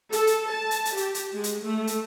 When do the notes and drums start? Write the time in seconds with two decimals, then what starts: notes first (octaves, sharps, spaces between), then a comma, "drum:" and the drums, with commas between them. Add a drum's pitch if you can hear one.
0.12 A4, drum: hi-hat
0.27 drum: hi-hat
0.50 A5
0.71 drum: hi-hat
0.85 drum: hi-hat
0.97 G4, drum: hi-hat
1.14 drum: hi-hat
1.34 G#3
1.44 drum: hi-hat
1.64 A3
1.87 drum: hi-hat